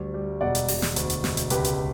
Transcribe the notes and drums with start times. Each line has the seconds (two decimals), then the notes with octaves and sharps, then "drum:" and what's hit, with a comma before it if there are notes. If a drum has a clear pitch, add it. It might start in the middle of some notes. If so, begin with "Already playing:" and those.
Already playing: D2 G3
0.14 G3
0.41 E1 D5 F#5
0.55 drum: hi-hat
0.68 E1, drum: open hi-hat
0.82 drum: snare
0.96 D2, drum: hi-hat
1.10 drum: hi-hat
1.24 E1, drum: snare
1.37 drum: hi-hat
1.50 C#2 G4 B4, drum: hi-hat
1.65 drum: hi-hat